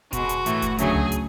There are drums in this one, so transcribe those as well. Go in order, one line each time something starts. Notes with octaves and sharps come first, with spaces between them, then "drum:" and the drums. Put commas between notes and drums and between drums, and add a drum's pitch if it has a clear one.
B2 G#3 F#4, drum: kick F1, hi-hat
drum: hi-hat
A2 E3 A3, drum: hi-hat
drum: kick F1, hi-hat
D2 C#3 F#3 A3 G#4, drum: hi-hat
drum: tom C2
drum: hi-hat